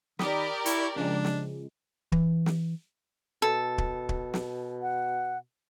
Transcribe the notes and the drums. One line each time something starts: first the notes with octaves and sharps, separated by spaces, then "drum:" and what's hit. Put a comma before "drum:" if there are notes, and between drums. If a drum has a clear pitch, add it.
D#3 G4 A#4 D5 B5 D#6 B6, drum: snare
E4 C#6, drum: hi-hat
C#3 F3 G#3 D4
drum: snare
E3, drum: kick
drum: snare
B2 A4
drum: kick
drum: kick
drum: snare
F#5